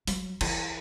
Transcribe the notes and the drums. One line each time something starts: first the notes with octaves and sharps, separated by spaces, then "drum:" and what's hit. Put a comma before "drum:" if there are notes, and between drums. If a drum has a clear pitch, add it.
F#3, drum: open hi-hat
E3, drum: cymbal